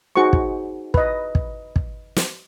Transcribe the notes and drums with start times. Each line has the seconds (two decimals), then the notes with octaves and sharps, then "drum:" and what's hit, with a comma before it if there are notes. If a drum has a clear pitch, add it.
0.16 D#4 F#4 G#4 C5 C#6
0.33 drum: kick
0.94 B4 D#5, drum: kick
1.35 drum: kick
1.76 drum: kick
2.16 drum: snare